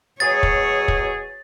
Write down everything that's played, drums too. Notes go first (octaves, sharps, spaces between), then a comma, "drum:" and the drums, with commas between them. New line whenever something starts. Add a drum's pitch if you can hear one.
B2 F#3 G#4 C#5 A6
drum: kick
drum: kick